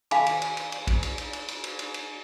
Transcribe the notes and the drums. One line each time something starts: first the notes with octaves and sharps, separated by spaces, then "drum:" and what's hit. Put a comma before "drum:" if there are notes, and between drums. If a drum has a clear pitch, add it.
F5 G#5 B5 D6, drum: cymbal
drum: cymbal
drum: cymbal
drum: cymbal
drum: cymbal
drum: kick, cymbal
drum: cymbal
drum: cymbal
drum: cymbal
drum: cymbal
drum: cymbal
drum: cymbal
drum: cymbal